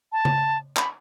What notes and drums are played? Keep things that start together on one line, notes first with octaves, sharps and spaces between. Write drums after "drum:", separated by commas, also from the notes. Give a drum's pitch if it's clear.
A5
drum: tom C#3
B5, drum: clap